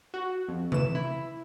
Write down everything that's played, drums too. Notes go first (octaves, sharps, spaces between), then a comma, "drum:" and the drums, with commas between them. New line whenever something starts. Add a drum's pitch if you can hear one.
F#4
F2
E3 E7, drum: tom C3
E4